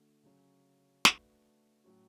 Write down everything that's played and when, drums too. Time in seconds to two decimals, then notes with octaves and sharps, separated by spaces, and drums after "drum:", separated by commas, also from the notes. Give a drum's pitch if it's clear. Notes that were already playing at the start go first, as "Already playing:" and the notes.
Already playing: D3 A3 D4 F#4 A4
0.23 C#3 F#3 C#4
1.05 A3 D4 F#4 B4, drum: snare
1.84 A2 F#3 C#4 F#4